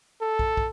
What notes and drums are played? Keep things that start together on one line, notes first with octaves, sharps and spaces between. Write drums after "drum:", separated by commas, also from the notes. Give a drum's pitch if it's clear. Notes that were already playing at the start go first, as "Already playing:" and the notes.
A4
drum: kick
drum: kick